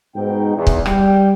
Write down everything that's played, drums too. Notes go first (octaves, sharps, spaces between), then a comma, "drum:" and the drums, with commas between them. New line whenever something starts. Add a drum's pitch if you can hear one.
G#2 B2 D#4 G5
E2
drum: kick
G3 G5, drum: rim click